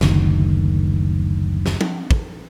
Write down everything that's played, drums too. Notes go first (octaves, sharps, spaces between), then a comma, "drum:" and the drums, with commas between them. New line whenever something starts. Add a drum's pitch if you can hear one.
F#1 D2 D#3, drum: snare
drum: snare
drum: tom
drum: kick